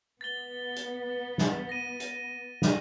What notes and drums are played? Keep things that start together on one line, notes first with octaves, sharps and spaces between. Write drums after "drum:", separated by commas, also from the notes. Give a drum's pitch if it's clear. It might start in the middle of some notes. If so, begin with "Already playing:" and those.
B3 A6 G7
drum: hi-hat
drum: snare
A#6 D#7
drum: hi-hat
drum: snare